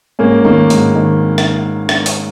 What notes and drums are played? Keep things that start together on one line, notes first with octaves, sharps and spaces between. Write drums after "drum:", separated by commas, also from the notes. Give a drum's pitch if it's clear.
G#2 A#3 C#4
D#3 A#3
G#2, drum: hi-hat
D#3
drum: rim click
drum: rim click
drum: hi-hat